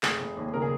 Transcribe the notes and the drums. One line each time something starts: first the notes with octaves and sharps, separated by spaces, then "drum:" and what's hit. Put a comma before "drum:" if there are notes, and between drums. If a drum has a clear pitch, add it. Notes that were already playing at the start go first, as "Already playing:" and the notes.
F1 G#4, drum: clap
F1
D#2
C#3 A#4
G#4